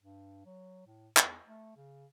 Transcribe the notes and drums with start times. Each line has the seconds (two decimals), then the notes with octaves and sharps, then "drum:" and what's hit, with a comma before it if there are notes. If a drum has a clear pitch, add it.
0.03 G2
0.45 F#3
0.87 A2
1.17 E2, drum: clap
1.47 A3
1.76 C#3